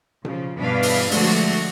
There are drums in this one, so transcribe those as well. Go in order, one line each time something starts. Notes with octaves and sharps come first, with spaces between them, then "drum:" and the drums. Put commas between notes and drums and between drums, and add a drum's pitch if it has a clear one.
C#3 F3, drum: tom B2
G2 B2 E3 D4 B4 F5
drum: open hi-hat
D3 F3 G#3 A3 D4 F#4, drum: open hi-hat